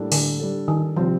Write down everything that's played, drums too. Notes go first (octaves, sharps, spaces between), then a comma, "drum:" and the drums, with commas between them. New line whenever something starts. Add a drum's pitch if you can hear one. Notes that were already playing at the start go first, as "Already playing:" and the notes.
Already playing: A2 G3 A#3 D4 A4
D3, drum: open hi-hat
G3 D4 A4
D#3
C3 F3 G3 C4